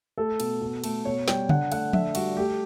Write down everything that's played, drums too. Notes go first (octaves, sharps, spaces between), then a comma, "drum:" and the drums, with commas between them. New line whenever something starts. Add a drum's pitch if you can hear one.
A3 A4
B2, drum: cymbal
B2
A3, drum: cymbal
B2 C#5
G3 G5, drum: snare
D3 F#5, drum: tom C#3
A3 F#5, drum: cymbal
D3 E5, drum: tom F3
G3 F#4, drum: cymbal
A3 G4